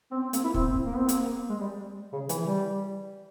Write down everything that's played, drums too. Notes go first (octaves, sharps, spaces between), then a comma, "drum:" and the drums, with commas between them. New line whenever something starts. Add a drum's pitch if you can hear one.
C4
C4
A#3, drum: hi-hat
E4
C4, drum: kick
A#3
C4
A#3, drum: hi-hat
G#3
G3
C#3
E3, drum: hi-hat
G3